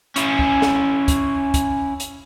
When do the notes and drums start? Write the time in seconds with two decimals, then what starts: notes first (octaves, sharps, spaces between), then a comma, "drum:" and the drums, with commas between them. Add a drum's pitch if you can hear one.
0.16 C#4 E4, drum: hi-hat
0.39 drum: kick
0.62 drum: snare
1.08 drum: kick, hi-hat
1.54 drum: kick, hi-hat
2.00 drum: hi-hat